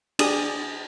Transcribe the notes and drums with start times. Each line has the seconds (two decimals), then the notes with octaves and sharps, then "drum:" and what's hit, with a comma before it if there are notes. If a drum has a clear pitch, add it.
0.19 D4 G4 G#4 D#6, drum: cymbal